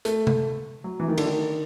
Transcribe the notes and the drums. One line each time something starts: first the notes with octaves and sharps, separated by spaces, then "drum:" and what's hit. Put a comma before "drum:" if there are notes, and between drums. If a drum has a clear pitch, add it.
A3, drum: hi-hat
drum: tom C3
F#3
E3
D#3
D3, drum: cymbal
D#3